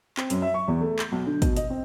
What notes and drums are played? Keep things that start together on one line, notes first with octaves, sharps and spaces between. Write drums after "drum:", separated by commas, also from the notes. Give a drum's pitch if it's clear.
C4, drum: clap
F#2, drum: hi-hat
E5
C#6
E2
A3
G6, drum: clap
B1
D3
B2, drum: kick, hi-hat
D#5, drum: hi-hat
C4